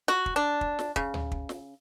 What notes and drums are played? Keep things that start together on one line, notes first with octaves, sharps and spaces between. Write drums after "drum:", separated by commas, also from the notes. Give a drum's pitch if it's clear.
F#4, drum: snare
drum: kick
D4
drum: kick
drum: snare
C#3, drum: kick
drum: tom D2
drum: kick
drum: snare